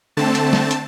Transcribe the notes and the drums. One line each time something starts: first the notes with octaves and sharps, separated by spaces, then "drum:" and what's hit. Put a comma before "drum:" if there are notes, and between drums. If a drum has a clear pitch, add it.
D3 A3 C4 A5
drum: hi-hat
drum: snare
drum: hi-hat